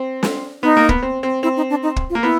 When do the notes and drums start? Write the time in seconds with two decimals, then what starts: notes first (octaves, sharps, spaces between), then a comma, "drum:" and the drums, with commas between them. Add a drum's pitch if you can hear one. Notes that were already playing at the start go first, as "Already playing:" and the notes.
Already playing: C4
0.23 drum: snare
0.63 B3 D#4
0.77 A#3
0.89 B3, drum: kick
1.02 C4
1.23 C4
1.43 C4 E4
1.57 D#4
1.70 D4
1.83 D#4
1.96 drum: kick
2.10 F4
2.15 A#3
2.23 B3 E4